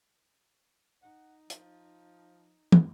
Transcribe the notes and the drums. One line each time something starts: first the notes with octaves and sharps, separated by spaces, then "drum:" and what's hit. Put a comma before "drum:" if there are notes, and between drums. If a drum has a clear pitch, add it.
D#4 F#5
F3, drum: hi-hat
drum: tom